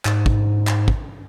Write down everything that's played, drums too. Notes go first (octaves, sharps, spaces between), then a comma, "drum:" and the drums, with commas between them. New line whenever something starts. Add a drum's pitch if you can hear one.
G#2, drum: clap
drum: kick
drum: clap
drum: kick